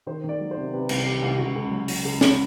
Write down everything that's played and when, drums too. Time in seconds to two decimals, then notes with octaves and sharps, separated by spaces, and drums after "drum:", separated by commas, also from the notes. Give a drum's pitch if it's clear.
0.07 D#3 C5
0.24 D#3
0.29 D5
0.40 F#3
0.51 C5
0.57 C3
0.73 C3 B4
0.89 C2, drum: cymbal
1.06 D#3 G4
1.22 C2
1.38 C#2 F#4
1.56 C#2
1.71 F#3
1.88 F#3, drum: open hi-hat
2.05 C#2
2.21 C#2, drum: snare